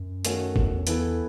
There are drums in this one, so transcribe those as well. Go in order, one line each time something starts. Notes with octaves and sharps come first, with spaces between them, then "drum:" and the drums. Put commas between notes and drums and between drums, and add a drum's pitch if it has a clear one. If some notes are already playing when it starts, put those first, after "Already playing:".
Already playing: F#2
D#3 A3 C#4 F#4 A4, drum: hi-hat
E2, drum: kick G1
E3 B3 E4 A4, drum: hi-hat